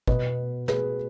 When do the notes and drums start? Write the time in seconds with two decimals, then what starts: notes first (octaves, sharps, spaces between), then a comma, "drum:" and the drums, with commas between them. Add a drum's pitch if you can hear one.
0.08 B2 B4 D#5, drum: kick
0.68 G#4 B4, drum: snare